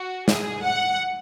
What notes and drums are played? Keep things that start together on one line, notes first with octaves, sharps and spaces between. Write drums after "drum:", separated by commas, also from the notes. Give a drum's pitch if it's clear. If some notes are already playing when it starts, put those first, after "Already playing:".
Already playing: F#4
G#4, drum: snare
F#5